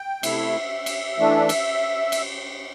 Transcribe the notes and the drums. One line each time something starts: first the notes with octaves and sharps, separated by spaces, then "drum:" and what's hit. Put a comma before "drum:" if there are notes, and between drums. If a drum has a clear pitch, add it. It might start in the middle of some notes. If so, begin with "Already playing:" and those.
Already playing: G5
C3 A3 E4 E5, drum: cymbal
drum: cymbal
E3 A3 D4
drum: cymbal
drum: cymbal